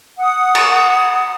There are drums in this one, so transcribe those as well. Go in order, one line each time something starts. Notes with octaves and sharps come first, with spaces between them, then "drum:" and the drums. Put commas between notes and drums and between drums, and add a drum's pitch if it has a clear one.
F#5 D#6
drum: cymbal